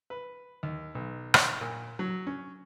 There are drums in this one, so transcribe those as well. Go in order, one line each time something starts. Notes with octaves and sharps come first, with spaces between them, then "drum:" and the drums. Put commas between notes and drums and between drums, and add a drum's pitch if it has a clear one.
B4
D#2
B1
drum: rim click
A#2
F#3
C#4